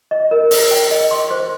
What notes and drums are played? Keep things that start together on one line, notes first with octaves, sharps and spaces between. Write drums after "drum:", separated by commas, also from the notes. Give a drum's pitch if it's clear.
D#5
A#4
A#4, drum: open hi-hat
G5
D#5
C6
C5